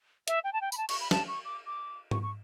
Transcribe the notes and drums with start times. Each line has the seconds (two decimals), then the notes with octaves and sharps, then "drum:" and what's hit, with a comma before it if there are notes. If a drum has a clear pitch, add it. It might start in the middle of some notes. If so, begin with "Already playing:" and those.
0.28 E5, drum: hi-hat
0.44 G5
0.53 A5
0.61 G5
0.72 B5, drum: tambourine
0.77 A5
0.89 C#6, drum: cymbal
1.00 B5
1.11 A5, drum: snare
1.28 C#6
1.45 D6
1.66 D6
2.11 C#6, drum: tom G#2
2.22 C#6